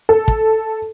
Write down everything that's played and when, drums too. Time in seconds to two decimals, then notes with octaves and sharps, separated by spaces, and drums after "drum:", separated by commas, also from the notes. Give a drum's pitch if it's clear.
0.09 A4
0.28 drum: kick